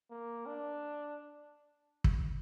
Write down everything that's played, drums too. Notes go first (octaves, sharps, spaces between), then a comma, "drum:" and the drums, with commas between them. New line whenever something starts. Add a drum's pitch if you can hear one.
A#3
D4
drum: kick